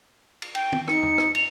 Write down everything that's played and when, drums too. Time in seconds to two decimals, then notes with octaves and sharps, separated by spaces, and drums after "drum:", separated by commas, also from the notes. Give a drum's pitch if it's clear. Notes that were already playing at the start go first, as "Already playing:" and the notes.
0.42 drum: cymbal
0.55 G5, drum: cymbal
0.72 drum: tom
0.88 D#4 C#7, drum: rim click
1.03 drum: tom
1.18 drum: rim click
1.35 F7, drum: cymbal